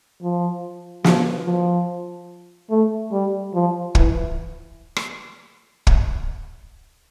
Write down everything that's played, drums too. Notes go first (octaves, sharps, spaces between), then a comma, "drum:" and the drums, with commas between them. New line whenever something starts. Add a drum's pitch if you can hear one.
F3
F3, drum: snare
F3
A3
G3
F3
E3, drum: kick
drum: rim click
drum: kick